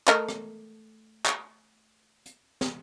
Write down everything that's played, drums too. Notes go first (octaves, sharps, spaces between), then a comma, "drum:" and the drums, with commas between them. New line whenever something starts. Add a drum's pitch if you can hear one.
A3 A#4 D#5, drum: clap
drum: rim click
drum: clap
drum: hi-hat
drum: snare